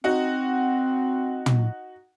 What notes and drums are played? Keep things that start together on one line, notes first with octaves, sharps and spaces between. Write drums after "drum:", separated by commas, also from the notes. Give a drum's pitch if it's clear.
C4 D#4 F#4 F#5
drum: tom